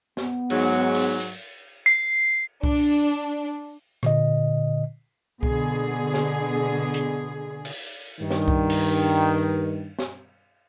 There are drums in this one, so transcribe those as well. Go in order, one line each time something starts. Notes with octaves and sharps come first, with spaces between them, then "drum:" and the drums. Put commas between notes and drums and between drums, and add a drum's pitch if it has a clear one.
B3, drum: snare
G#2 F#3, drum: cymbal
drum: cymbal
drum: hi-hat
C7
D4, drum: kick C2
drum: open hi-hat
A#2 D3 D#5, drum: rim click
B2 D3 G#4, drum: kick C2
drum: snare
drum: hi-hat
drum: cymbal
G2 D#3
drum: snare
drum: kick C2
drum: cymbal
drum: snare